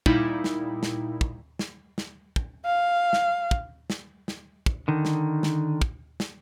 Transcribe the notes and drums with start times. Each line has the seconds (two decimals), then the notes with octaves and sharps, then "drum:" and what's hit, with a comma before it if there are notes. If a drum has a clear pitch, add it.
0.06 A#2 G3 D#4 E4, drum: kick
0.44 drum: snare
0.83 drum: snare
1.21 drum: kick
1.59 drum: snare
1.98 drum: snare
2.36 drum: kick
2.66 F5
3.13 drum: snare
3.51 drum: kick
3.90 drum: snare
4.28 drum: snare
4.66 drum: kick
4.88 D3 D#3 D#4
5.05 drum: snare
5.43 drum: snare
5.82 drum: kick
6.20 drum: snare